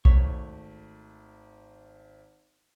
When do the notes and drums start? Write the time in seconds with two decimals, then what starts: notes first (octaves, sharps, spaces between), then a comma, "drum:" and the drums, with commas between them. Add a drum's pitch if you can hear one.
0.05 G#1 A3 C#5 B6, drum: kick B1